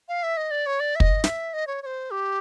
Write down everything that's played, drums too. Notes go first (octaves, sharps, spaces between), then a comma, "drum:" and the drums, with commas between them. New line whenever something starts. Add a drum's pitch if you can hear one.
F5
E5
D#5
D5
C#5
D5
E5
D#5, drum: kick
E5, drum: snare
D#5
C#5
C#5
C5
G4